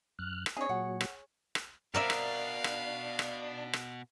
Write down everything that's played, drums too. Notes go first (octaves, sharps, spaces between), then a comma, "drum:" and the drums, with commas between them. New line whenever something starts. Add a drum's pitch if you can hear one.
F#2 F6 F#6
drum: rim click
C4 D4 G#4 C#5 D#5
A#2 F#3 F#5
drum: rim click
drum: rim click
B2 D4 A#4 D5 E5 F5
drum: rim click
drum: rim click
drum: rim click
drum: rim click